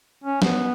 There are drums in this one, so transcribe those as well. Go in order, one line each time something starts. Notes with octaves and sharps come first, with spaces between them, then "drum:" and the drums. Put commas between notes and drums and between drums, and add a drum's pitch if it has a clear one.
C#4
B3, drum: snare